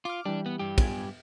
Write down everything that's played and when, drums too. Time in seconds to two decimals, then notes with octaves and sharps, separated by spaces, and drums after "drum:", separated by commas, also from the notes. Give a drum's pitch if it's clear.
0.05 F4 D6 F6
0.25 E3 G3 D4
0.46 B3
0.59 G2 G4
0.78 B3 F4 G#5, drum: kick, cymbal